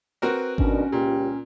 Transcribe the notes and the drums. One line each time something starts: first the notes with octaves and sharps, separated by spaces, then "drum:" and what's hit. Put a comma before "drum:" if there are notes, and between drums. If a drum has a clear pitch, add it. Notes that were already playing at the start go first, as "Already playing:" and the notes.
C4 F#4 A#4 B4
B2 D#3 C#4 D4, drum: kick G#1
C#2 A#2 G4